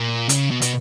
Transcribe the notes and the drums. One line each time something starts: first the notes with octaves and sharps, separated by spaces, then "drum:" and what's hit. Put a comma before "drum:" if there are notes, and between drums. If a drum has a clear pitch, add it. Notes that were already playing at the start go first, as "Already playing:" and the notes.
Already playing: A#2
C#3, drum: hi-hat
B2
B2, drum: hi-hat